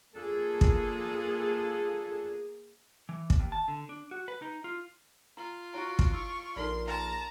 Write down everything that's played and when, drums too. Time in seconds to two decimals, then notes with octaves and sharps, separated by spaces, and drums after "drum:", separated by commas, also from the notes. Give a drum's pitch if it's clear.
0.15 A#3 D4 F4 G#4 A4
0.61 drum: kick
3.09 E3
3.30 drum: kick
3.39 D#2
3.52 A5
3.68 D3
3.89 D4
4.11 F#4
4.28 B4
4.42 D#4
4.64 F4
5.37 F4 A#5
5.74 E4 F#4 C#5 A#5 D7
5.99 drum: kick
6.13 E4 C#6 D#6 E6
6.56 A#1 D#4 A4 A#4 D5 C6
6.87 G5 A5 A#5 C6